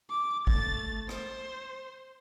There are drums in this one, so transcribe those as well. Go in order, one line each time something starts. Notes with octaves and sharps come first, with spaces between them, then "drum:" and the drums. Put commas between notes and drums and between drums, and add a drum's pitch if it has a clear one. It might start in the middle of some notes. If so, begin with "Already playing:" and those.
D6
A3 A6, drum: kick
C5, drum: rim click